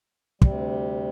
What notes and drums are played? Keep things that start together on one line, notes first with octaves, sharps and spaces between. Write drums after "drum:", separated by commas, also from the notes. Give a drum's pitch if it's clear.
D2 C3 G3, drum: kick